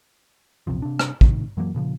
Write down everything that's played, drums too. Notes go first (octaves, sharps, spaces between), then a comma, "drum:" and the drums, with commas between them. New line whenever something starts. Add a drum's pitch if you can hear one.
A#1 E2 C3 F3
C3 D4
drum: rim click
A2 C3 D#3, drum: kick
F#2 E3 F#3 A#3
A#2 C#3 E3 F3